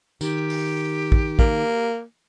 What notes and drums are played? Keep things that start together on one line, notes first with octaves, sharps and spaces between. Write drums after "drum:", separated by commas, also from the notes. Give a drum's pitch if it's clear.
D#3 G4, drum: tambourine
drum: open hi-hat
drum: kick
A#3, drum: kick